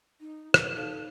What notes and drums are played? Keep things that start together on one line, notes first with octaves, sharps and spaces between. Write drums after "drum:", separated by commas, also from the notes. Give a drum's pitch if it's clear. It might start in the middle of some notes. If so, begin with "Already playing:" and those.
D#4
B4, drum: rim click
D#4 A4 F5